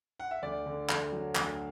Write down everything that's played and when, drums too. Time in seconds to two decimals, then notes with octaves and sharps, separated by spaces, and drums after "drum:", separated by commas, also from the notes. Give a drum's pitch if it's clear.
0.20 F#5
0.31 E5
0.42 D2 D5
0.66 D3
0.89 D2, drum: clap
1.12 F#3
1.35 D2, drum: clap